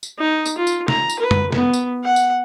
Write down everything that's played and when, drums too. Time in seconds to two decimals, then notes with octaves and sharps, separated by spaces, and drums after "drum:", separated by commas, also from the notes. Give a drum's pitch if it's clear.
0.03 drum: tambourine
0.19 D#4
0.46 drum: tambourine
0.58 F4
0.67 drum: tambourine
0.88 A#5, drum: snare
1.10 drum: tambourine
1.19 B4
1.31 drum: tom F#2
1.52 B3, drum: snare
1.74 drum: tambourine
2.04 F#5
2.16 drum: tambourine